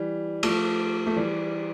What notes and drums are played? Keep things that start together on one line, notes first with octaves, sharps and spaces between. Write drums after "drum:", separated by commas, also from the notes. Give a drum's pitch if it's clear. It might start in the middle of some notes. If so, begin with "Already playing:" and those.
Already playing: E3 G3
F3 A3, drum: cymbal
A3
E3 G3